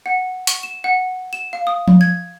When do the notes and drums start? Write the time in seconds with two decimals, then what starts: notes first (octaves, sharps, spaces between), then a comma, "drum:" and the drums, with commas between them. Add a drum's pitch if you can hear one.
0.06 F#5
0.47 C#6, drum: hi-hat
0.63 E7
0.84 F#5
1.33 E7
1.53 F5
1.67 D#6
1.88 drum: tom F3
2.01 G#6